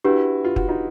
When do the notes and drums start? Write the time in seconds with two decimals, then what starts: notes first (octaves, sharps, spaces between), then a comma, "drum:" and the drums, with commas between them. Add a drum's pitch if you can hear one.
0.04 D4 E4 F#4 G4 B4
0.45 F4
0.56 F#4, drum: kick
0.68 D#4 F4